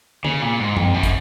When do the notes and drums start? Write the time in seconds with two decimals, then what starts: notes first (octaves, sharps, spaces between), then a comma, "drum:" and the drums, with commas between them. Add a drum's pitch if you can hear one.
0.24 C#3, drum: tom D3
0.42 A#2
0.60 G#2
0.77 F2, drum: tom F#2
0.94 F#2
1.03 drum: kick, hi-hat